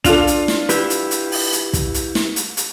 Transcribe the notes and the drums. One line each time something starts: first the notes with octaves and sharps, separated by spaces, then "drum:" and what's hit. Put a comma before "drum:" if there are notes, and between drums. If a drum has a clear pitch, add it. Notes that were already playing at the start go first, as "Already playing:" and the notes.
D4 F4 A4 F7, drum: kick, hi-hat
drum: hi-hat
drum: snare
E4 G4 B4, drum: hi-hat
drum: hi-hat
drum: hi-hat
drum: open hi-hat
drum: hi-hat
drum: kick, hi-hat
drum: hi-hat
drum: snare
drum: hi-hat
drum: hi-hat